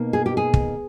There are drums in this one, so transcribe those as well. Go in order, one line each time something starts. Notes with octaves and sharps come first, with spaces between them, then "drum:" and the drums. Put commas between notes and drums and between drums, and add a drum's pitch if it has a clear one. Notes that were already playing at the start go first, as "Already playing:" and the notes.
Already playing: B2 A#3 D#4
G#4
G4
G#4
drum: kick